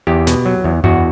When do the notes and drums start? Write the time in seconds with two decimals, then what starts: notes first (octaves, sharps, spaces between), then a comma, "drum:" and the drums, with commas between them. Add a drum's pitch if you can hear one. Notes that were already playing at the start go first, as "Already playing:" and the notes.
0.07 E2 G4
0.27 B2, drum: snare
0.45 F#3
0.64 E2
0.84 E2 F#4, drum: tom F#2